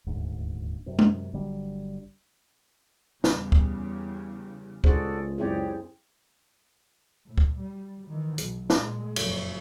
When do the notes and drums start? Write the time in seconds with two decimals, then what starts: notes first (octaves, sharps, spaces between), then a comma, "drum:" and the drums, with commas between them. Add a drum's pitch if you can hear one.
0.06 D#1 D2 G#2
0.86 F#2 C3
0.99 drum: tom G#3
1.33 G1 D3 F#3 G3
3.24 E2 C#3 G3, drum: snare
3.52 drum: kick
4.84 C#2 D4 F#4 G#4 A4 C5 D5, drum: kick
5.38 F#2 C4 E4 G4 G#4 C#5 D5
7.26 A2
7.38 drum: kick
7.59 G3
8.08 D#3 E3
8.38 B1, drum: hi-hat
8.70 drum: snare
8.81 A#2 G#3
9.16 F#1 F2, drum: cymbal